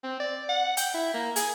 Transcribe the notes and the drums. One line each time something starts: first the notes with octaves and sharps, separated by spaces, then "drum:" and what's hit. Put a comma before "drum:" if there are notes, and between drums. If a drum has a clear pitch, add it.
C4
D5
F#5
G5, drum: hi-hat
E4
A#3
G#4, drum: hi-hat